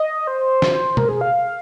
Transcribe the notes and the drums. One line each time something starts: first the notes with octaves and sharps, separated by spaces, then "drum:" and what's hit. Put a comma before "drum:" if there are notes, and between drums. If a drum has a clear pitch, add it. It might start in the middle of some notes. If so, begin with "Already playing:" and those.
Already playing: D#5
C5
drum: snare
A#4, drum: tom B2
G#4
F5